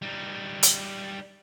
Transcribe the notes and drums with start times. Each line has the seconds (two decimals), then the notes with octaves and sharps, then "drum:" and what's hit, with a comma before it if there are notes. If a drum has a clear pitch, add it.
0.02 G3 D#4
0.63 drum: hi-hat